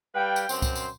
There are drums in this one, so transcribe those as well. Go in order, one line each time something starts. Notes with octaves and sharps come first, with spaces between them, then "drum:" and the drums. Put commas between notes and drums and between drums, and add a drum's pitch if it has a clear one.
G3 B4 F5 G5
drum: tambourine
F#2 C4 C5, drum: tambourine
drum: kick C2, tambourine
drum: tambourine